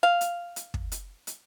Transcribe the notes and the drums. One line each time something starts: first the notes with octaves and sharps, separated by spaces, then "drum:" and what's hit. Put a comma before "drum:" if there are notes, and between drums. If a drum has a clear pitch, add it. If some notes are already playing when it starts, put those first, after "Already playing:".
F5
drum: hi-hat
drum: hi-hat
drum: kick
drum: hi-hat
drum: hi-hat